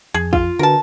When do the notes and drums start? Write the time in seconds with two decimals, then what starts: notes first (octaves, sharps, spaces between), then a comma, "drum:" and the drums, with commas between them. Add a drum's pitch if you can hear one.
0.14 F2 G#4
0.33 F4, drum: kick A1
0.59 D3 F#4 A#4 B4 A5